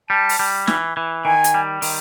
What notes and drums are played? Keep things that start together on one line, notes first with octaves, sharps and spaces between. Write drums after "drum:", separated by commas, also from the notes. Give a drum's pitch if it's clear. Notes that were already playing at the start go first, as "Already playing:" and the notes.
G3 A5
drum: open hi-hat
G3
E3, drum: snare
E3
D#3 G#5
drum: hi-hat
G3
D#3, drum: open hi-hat